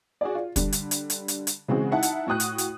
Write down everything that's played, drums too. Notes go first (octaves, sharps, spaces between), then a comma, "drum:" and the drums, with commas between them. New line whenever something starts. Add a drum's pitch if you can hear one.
F#4 G#4 D5
F4
D3 G3, drum: kick, hi-hat
drum: hi-hat
drum: hi-hat
drum: hi-hat
drum: hi-hat
drum: hi-hat
C#3 E3 G#3 C4 F#4 G#4
D#4 E4 E5 F#5 A5
drum: hi-hat
A2 F#4 G5 D#6 F#6
drum: hi-hat
drum: hi-hat